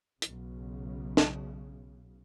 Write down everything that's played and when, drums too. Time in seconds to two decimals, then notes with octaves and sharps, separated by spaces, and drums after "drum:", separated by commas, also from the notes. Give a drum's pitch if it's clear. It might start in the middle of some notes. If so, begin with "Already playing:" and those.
0.22 B1 C#3, drum: hi-hat
1.17 drum: snare